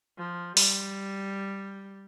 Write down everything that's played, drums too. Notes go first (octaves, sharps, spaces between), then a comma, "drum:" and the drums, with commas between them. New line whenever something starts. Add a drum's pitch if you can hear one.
F3
G3, drum: open hi-hat